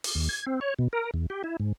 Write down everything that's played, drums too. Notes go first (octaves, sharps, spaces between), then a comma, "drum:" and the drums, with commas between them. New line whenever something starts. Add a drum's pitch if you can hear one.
drum: open hi-hat
D#2
G#6
C4
C#5
B2
A#4
E2
G4
E4
G#2